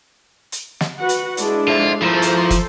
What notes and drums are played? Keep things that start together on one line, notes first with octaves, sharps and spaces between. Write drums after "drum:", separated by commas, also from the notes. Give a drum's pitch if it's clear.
drum: hi-hat
drum: snare
F#4 B4 F#5
drum: hi-hat
G#3 D4 E4, drum: hi-hat
F4 A4 C5 E5
F3 E4 F4 A4 A#4 C5
drum: hi-hat
drum: kick, hi-hat